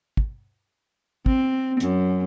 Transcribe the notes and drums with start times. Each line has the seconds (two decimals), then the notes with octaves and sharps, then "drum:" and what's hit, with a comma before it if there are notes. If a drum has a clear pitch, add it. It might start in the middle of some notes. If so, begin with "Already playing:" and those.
0.17 drum: kick
1.26 C4, drum: kick
1.80 F#2, drum: hi-hat